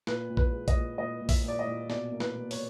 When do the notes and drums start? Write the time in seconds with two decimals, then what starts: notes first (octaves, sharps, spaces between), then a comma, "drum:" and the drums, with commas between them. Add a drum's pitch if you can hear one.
0.07 A#2 B4, drum: snare
0.30 A#2
0.37 B4, drum: kick A#1
0.52 G#3
0.68 D#5, drum: kick A#1, hi-hat
0.76 A#2
0.98 A#2 D#5
1.21 A#2
1.29 E5, drum: kick A#1, open hi-hat
1.44 A#2 D5
1.59 D#5
1.67 A#2
1.90 B2 D5, drum: snare
2.12 A#3
2.20 B4, drum: snare
2.36 B2
2.51 C#5, drum: open hi-hat